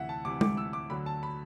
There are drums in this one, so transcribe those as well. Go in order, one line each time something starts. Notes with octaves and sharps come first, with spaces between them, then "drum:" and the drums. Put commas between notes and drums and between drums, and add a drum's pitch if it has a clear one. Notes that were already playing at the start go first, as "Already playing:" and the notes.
Already playing: D2 C3 E3 E5 F#5
A5
D2 C3 E3 D6
D6, drum: tom G#3
E6
D6
D2 D3 F#3 B5
A5
B5